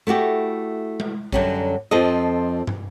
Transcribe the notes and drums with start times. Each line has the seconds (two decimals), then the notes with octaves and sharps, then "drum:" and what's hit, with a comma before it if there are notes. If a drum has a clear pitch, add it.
0.07 A3 E4 F#4 G4
1.00 drum: tom G#3
1.32 F#2 D3 F#3 G3 C#4, drum: kick A1
1.91 F2 F3 C4 A4 D#5
2.67 drum: tom